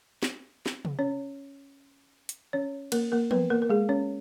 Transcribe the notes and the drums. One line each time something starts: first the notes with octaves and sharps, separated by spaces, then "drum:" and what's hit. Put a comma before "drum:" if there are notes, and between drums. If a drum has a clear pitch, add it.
drum: snare
drum: snare
drum: tom C3
C#4 C#5
drum: hi-hat
C#4 C#5
A#3 A#4, drum: cymbal
A#3 A#4
B3 B4, drum: tom E3
A#3 A#4
A#4
G#3 G#4
C#4 C#5